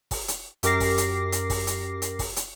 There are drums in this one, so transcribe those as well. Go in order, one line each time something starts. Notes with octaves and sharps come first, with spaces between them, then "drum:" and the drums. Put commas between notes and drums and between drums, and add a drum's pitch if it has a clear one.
drum: kick, open hi-hat
drum: hi-hat
F#2 G4 A#4 D6 A#6 C7, drum: hi-hat
drum: kick, open hi-hat
drum: hi-hat
drum: hi-hat
drum: kick, open hi-hat
drum: hi-hat
drum: hi-hat
drum: kick, open hi-hat
drum: hi-hat